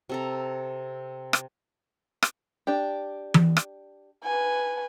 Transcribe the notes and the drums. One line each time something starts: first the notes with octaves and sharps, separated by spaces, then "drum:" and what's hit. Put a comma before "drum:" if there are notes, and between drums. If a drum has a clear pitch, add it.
C3 A4 A#5
drum: rim click
drum: rim click
D4 G4
drum: tom E3
drum: rim click
B4 G#5